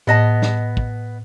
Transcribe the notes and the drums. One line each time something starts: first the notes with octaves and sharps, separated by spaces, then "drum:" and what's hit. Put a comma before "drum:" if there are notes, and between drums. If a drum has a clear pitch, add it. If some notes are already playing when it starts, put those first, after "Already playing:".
A2 B3 D#5 A5
drum: snare
drum: kick